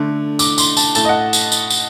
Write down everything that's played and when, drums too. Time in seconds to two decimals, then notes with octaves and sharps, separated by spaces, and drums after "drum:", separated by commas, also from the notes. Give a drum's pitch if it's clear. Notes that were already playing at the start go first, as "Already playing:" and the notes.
Already playing: D3 A3
0.39 D6, drum: tambourine
0.58 C6, drum: tambourine
0.77 A5, drum: tambourine
0.95 A2 A3 A5, drum: tambourine
1.05 D#5
1.09 F#5
1.33 drum: tambourine
1.52 drum: tambourine
1.70 drum: tambourine